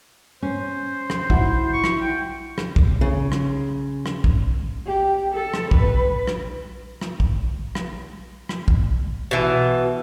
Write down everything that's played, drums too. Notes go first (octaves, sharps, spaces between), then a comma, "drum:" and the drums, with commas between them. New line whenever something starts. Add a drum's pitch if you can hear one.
C#4 C5
drum: rim click
E4 F#4, drum: kick
C#6
drum: rim click
G5
drum: rim click
drum: kick
C#3
drum: rim click
drum: rim click
drum: kick
G4
A4
drum: rim click
B4, drum: kick
drum: rim click
drum: rim click
drum: kick
drum: rim click
drum: rim click
drum: kick
B2 E3